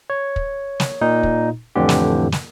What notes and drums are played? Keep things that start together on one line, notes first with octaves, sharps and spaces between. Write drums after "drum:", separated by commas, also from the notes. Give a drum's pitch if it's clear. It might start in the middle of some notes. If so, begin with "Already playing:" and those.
C#5
drum: kick
drum: snare
A#2 D#4
drum: kick
F2 A2 D3 E3 G4
drum: snare
drum: snare